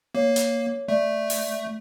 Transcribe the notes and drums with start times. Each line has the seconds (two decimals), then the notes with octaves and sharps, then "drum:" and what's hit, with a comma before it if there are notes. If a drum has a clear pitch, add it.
0.15 A#3 C#5
0.36 drum: hi-hat
0.88 A3 D5
1.30 drum: open hi-hat